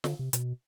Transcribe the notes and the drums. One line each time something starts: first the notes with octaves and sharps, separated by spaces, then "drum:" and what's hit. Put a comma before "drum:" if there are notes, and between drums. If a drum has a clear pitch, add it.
D3, drum: snare
C3
B2, drum: hi-hat